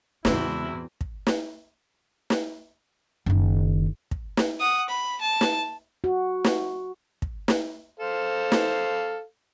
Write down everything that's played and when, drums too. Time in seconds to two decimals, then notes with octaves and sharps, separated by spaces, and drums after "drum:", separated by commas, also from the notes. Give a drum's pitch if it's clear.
0.25 E2 C#3 G#3 B3 C4 E4 F#4, drum: snare
1.01 drum: kick
1.27 drum: snare
2.30 drum: snare
3.26 F#1 D#3
4.11 drum: kick
4.37 drum: snare
4.60 F#5 D#6
4.89 B5
5.21 A5
5.41 drum: snare
6.04 F#4
6.44 drum: snare
7.22 drum: kick
7.48 drum: snare
8.00 A4 C5 F5
8.52 drum: snare